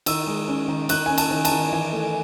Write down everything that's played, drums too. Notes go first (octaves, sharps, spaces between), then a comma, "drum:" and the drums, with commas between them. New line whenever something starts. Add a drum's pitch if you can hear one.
D#3 E6, drum: cymbal
G#3
C#4
D#3
D#3 F#6, drum: cymbal
C#4 G#5
A5, drum: cymbal
D#3
A5, drum: cymbal
D#3
E3 G#5
A3